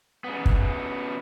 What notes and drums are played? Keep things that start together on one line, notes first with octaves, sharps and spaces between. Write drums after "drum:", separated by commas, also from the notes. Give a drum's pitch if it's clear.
C#3 B3
drum: kick